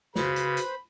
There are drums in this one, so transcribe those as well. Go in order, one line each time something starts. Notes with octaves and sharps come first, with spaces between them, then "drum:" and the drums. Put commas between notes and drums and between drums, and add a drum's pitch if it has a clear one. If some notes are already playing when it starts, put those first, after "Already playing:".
C#3 F#4 B4 C5 B5, drum: snare
drum: hi-hat
drum: hi-hat